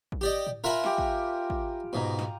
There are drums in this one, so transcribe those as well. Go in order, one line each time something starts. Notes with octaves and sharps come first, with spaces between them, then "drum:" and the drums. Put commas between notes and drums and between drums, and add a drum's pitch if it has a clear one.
drum: kick
G4 D5 D#5
drum: tom A2
F4 A#4 E5 F#5 G#5 B5
G4 A#5, drum: snare
drum: kick
drum: kick
G#2 B2 D#5 A#5
drum: snare